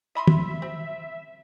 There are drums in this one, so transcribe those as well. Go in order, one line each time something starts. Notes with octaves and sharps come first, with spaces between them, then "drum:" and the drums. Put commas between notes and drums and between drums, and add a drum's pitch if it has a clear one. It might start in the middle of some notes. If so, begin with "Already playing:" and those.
D#5 E5 B5 C6
drum: tom
C4